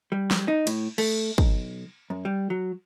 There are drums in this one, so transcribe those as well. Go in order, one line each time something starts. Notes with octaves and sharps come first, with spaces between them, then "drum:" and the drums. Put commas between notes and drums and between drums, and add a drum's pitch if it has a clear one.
G3
drum: snare
D#4
A2, drum: cymbal
A3, drum: cymbal
B1, drum: kick
F#2
G3
F#3